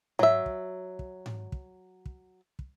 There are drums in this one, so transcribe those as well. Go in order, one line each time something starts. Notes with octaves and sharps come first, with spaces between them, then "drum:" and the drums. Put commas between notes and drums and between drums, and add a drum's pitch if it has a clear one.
F#3 E5, drum: tom G#2
drum: kick
drum: kick
drum: tom G#2
drum: kick
drum: kick
drum: kick